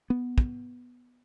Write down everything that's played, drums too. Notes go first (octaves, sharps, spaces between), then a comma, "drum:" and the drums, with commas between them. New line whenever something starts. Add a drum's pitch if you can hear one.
B3
drum: kick